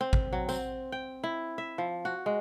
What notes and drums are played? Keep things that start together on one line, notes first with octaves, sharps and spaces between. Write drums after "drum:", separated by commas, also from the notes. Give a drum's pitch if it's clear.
C4
drum: kick G#1
F#3
C4, drum: tambourine
G5
E4
E5
F3
F#4
G#3